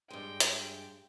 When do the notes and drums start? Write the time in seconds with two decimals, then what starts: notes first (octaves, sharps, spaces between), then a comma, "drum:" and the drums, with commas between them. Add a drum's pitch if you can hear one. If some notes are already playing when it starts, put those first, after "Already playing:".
0.10 G2 G#3 G5
0.40 drum: hi-hat